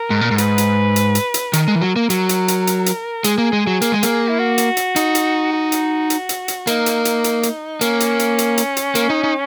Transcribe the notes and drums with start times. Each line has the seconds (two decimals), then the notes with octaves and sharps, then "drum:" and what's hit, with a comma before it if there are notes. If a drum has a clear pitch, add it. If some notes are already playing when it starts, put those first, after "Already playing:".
Already playing: A#4
0.10 G#2
0.21 A#2
0.31 G#2
0.38 B4, drum: hi-hat
0.58 drum: hi-hat
0.96 drum: hi-hat
1.15 drum: hi-hat
1.34 drum: hi-hat
1.53 D#3 A#4, drum: hi-hat
1.68 G#3
1.75 E3
1.82 F#3
1.96 A#3
2.10 F#3, drum: hi-hat
2.29 drum: hi-hat
2.48 drum: hi-hat
2.67 drum: hi-hat
2.86 drum: hi-hat
3.24 G#3 G#4, drum: hi-hat
3.38 A#3
3.53 G#3
3.67 F#3
3.82 A#3, drum: hi-hat
3.92 G#3
4.03 A#3, drum: hi-hat
4.29 E4
4.39 F#4
4.58 drum: hi-hat
4.77 drum: hi-hat
4.96 D#4, drum: hi-hat
5.15 drum: hi-hat
5.53 F#4
5.72 drum: hi-hat
6.10 drum: hi-hat
6.29 drum: hi-hat
6.48 drum: hi-hat
6.67 A#3 D#4, drum: hi-hat
6.86 drum: hi-hat
7.05 drum: hi-hat
7.24 drum: hi-hat
7.43 drum: hi-hat
7.81 A#3 C#4, drum: hi-hat
8.00 drum: hi-hat
8.19 drum: hi-hat
8.38 drum: hi-hat
8.58 drum: hi-hat
8.77 drum: hi-hat
8.95 A#3, drum: hi-hat
9.10 D#4
9.24 D#4